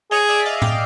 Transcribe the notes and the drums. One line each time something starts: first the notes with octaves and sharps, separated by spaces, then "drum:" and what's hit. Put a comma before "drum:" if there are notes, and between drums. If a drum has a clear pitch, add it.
G#4 C#5 D#5
D5 E5
D#5 F5
F5 G5, drum: tom A2